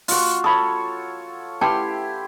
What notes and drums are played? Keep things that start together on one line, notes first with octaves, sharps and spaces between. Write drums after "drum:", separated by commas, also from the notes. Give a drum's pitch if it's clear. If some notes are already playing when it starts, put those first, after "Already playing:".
F4 F#4, drum: open hi-hat
A4 C#5 F5 B5 D#6
E4 G4 B4 G5 A5 C6